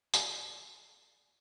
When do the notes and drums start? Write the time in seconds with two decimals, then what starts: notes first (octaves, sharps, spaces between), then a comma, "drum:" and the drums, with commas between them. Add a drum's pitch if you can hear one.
0.14 A4 D5 G#5, drum: tambourine